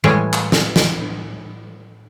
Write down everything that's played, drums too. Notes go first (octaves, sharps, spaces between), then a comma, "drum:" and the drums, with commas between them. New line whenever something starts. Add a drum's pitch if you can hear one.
A2 E3 G3 G#3 G#5
drum: clap
drum: snare
drum: snare